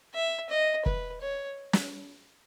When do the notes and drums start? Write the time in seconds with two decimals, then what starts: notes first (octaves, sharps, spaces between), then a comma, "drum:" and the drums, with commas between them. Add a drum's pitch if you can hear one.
0.14 E5
0.50 D#5
0.86 B4, drum: kick
1.21 C#5
1.73 drum: snare